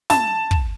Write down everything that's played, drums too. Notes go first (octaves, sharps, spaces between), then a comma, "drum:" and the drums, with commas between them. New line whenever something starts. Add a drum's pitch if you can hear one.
A5, drum: snare
drum: kick